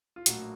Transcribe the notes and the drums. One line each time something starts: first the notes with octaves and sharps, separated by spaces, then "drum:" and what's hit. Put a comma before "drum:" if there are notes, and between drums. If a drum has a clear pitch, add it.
F4
A#1 A2 F#3 A#3 F#4, drum: hi-hat